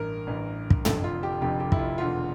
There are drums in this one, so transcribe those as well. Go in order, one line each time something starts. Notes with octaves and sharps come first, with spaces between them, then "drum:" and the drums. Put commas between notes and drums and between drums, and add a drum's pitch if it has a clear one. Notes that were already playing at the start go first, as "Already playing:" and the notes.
Already playing: A1 G2 E3 A#4
A1 G2 E3
drum: kick
F1 F2 D3 A4, drum: tom
F4
G4
F1 F2 D3 G4
G4
E4, drum: kick
F4
E1 E2 D3 F4